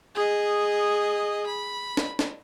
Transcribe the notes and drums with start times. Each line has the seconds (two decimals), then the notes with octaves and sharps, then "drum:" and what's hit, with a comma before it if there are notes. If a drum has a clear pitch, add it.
0.15 G#4 D#5
1.46 B5
1.97 drum: snare
2.19 drum: snare